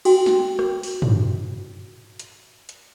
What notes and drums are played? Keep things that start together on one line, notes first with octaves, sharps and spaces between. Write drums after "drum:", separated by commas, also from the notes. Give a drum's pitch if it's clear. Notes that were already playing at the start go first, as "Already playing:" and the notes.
F#4 G5, drum: cymbal
drum: snare
drum: rim click
drum: open hi-hat
drum: tom
drum: hi-hat
drum: hi-hat